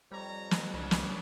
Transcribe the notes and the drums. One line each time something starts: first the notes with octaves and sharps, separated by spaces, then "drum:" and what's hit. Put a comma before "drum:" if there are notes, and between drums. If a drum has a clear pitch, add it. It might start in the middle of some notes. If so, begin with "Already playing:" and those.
F2 G3 C#5 A#5
drum: snare
C2 C#3 F#3 D4
drum: snare